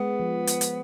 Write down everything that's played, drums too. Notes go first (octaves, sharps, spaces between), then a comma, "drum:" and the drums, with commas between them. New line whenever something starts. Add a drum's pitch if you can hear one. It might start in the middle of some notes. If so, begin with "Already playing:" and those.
Already playing: G#3 B3
F3
drum: hi-hat
drum: hi-hat